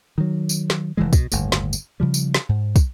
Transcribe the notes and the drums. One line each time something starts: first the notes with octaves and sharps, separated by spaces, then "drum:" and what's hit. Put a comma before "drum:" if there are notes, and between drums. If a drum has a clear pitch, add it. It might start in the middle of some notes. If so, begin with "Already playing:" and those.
D#3 F#3
drum: tambourine
drum: snare
F1 E3 G#3
B2, drum: kick, tambourine
G1 D#2 A2, drum: tambourine
drum: snare
drum: tambourine
C#3 F3 G3
drum: tambourine
drum: snare
G#2
drum: kick, tambourine